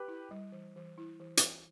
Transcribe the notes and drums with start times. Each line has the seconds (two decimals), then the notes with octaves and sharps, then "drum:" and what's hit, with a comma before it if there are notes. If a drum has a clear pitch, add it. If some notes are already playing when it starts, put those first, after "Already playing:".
Already playing: G4 B4
0.08 E4
0.31 G3
0.52 E3
0.76 E3
0.98 E4
1.20 E3
1.37 drum: hi-hat